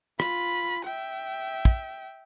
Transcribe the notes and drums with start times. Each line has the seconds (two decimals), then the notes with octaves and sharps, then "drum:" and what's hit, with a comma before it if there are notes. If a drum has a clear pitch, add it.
0.20 F4 B5, drum: rim click
0.84 E5 G5
1.65 drum: kick